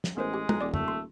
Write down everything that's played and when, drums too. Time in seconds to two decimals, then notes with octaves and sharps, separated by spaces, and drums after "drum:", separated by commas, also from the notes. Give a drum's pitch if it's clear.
0.04 drum: snare
0.17 A1 G#3 B3 A#4 C5
0.34 G4 G#5
0.49 B1 A#5 F#6, drum: tom
0.61 D#1 D5 D6
0.74 A3, drum: tom
0.88 C6